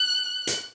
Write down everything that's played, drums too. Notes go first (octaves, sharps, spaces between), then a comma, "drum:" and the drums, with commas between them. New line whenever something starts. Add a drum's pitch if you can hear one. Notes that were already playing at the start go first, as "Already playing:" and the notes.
Already playing: F#6
drum: hi-hat